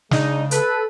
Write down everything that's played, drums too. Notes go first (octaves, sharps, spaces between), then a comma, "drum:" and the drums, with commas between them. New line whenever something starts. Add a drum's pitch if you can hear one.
C#3 G#3 D4 D#4, drum: snare
A4 B4, drum: hi-hat